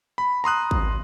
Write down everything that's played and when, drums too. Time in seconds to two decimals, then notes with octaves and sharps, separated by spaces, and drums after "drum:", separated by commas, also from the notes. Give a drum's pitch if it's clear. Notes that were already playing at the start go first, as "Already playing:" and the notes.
0.18 B5
0.44 A#5 C6 D#6 F#6
0.71 drum: kick G#1